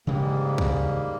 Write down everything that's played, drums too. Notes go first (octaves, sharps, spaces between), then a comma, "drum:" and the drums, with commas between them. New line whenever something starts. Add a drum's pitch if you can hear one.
G#2 C#3 E3 G3 G#3 A#3
drum: kick